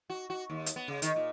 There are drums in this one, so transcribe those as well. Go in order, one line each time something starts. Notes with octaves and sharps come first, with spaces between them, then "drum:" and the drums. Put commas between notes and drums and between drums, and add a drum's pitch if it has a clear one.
F#4
F#4
D#2
drum: hi-hat
B3
C#3
D#3, drum: hi-hat
A#2